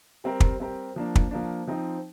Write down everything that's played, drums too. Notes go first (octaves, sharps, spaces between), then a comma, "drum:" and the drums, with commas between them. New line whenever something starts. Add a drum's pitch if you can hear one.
G3 C4 G4 A#4
drum: kick
G3 C4 G4 A#4
F3 A#3 D4
drum: kick
F3 A#3 D4
F3 C4 D#4